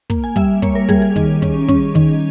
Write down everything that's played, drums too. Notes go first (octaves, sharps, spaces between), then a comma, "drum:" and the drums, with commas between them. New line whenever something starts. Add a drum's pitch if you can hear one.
A#3, drum: kick
G#5
G3 E5, drum: kick
A#3 C#5, drum: kick
A#4
G3 G#4, drum: kick
G#4
D#3, drum: kick
C#4, drum: kick
C#4, drum: kick
D#3, drum: kick